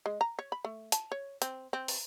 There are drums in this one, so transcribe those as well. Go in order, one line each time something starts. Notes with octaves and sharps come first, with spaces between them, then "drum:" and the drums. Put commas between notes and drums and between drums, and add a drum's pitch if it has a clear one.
G#3
A#5
C#5
B5
A3
A5, drum: hi-hat
C#5
C4, drum: hi-hat
C4
drum: open hi-hat